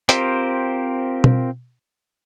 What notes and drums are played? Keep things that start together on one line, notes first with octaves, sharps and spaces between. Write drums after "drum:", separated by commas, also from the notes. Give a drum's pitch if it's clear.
C4 F4 G4 A#4 C5, drum: hi-hat
drum: tom B2